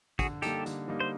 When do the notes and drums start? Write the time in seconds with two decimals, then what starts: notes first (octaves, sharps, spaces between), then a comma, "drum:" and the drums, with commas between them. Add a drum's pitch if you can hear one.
0.19 D3 F#4 G#4, drum: kick, hi-hat
0.42 G3 A#3 D#4 G4 A4, drum: hi-hat
0.66 D3, drum: hi-hat
0.88 G3 A#3 D#4
1.00 C5